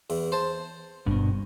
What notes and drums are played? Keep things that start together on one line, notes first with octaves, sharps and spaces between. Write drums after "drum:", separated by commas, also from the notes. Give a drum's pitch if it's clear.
E2, drum: cymbal
C5 A5
G2 B2, drum: kick G1